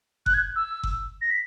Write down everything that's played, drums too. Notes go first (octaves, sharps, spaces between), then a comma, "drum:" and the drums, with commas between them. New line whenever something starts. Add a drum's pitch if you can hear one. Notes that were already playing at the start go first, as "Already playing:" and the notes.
F#6, drum: kick F#1
G#6
E6
drum: kick F#1
A#6
B6